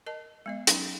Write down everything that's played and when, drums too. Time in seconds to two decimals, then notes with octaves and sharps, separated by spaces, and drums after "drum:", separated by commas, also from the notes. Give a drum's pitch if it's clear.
0.06 A#4 D#5 A5
0.46 G#3 B3 D#5
0.67 F#3 C#4 D#4, drum: hi-hat